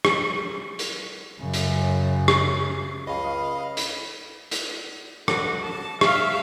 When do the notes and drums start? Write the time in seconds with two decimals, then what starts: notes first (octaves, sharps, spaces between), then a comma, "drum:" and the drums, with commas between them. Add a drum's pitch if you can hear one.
0.05 drum: rim click
0.79 drum: hi-hat
1.40 F#2 C#3
1.54 drum: hi-hat
2.28 drum: rim click
3.07 C#2 D#5 F5 B5
3.77 drum: hi-hat
4.51 drum: hi-hat
5.28 F#4, drum: rim click
5.63 A5
6.01 E5 F5, drum: rim click